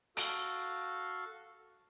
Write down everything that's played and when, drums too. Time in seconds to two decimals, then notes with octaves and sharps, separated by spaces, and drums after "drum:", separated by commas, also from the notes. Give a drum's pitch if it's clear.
0.17 F#4 A4 F5, drum: hi-hat